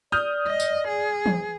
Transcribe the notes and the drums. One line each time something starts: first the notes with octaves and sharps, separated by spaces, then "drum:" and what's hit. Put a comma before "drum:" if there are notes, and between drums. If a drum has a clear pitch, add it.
D5 D#6 F6 G6
D#5
drum: tambourine
G#4
drum: tom E3